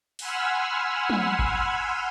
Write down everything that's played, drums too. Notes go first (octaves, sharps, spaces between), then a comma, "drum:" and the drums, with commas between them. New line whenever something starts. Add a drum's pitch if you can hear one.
F#5 G#5 B5 C6 E6 F6, drum: open hi-hat
drum: tom
drum: kick G#1